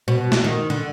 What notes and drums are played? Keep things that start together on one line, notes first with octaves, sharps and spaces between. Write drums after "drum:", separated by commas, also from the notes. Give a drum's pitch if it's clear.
B2
drum: snare
D#3
D3